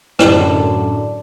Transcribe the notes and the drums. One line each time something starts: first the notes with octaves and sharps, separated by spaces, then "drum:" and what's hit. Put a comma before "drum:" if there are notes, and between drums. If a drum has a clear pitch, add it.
F#2 A2 D3 D4, drum: rim click